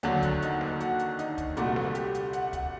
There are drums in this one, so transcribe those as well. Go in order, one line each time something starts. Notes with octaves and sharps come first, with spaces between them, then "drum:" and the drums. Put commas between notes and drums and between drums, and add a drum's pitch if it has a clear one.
D#2 D3 F#3 A3 F#4, drum: hi-hat
drum: kick, hi-hat
D#4, drum: hi-hat
drum: snare
F#4, drum: hi-hat
drum: hi-hat
D#4, drum: hi-hat
drum: kick, hi-hat
C2 A#2 A3 F#4, drum: hi-hat
drum: snare
G4, drum: hi-hat
drum: hi-hat
F#5, drum: hi-hat
F#5, drum: kick, hi-hat